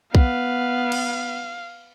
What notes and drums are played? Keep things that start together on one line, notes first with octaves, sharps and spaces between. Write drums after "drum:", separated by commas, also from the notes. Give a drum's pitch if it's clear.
B3 F5, drum: kick
drum: cymbal